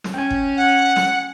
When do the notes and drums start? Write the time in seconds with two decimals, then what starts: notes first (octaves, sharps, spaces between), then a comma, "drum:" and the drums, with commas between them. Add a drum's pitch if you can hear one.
0.04 drum: snare
0.14 C#4 G5 G#5
0.31 drum: kick G1
0.57 F#5
0.96 drum: snare